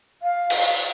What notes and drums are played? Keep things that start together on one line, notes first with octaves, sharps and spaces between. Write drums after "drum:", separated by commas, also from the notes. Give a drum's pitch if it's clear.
F5
drum: cymbal